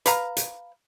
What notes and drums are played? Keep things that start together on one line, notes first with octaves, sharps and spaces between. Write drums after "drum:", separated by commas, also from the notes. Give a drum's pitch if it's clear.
B4 F5 A#5, drum: hi-hat
drum: hi-hat